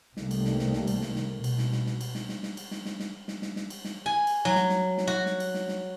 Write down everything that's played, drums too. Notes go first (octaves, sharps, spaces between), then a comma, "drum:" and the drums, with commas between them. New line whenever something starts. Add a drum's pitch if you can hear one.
C2 C3 D#3 G3 A3 A#3, drum: snare
drum: cymbal
drum: snare
drum: snare
drum: snare
drum: cymbal
drum: snare
drum: snare
B2
drum: cymbal
drum: snare
drum: snare
drum: snare
drum: cymbal
drum: snare
drum: snare
drum: snare
drum: cymbal
drum: snare
drum: snare
drum: snare
drum: snare
drum: snare
drum: snare
drum: cymbal
drum: snare
G#5
drum: cymbal
F#3
drum: snare
drum: snare
drum: snare
F#4
drum: snare
drum: cymbal
drum: snare
drum: snare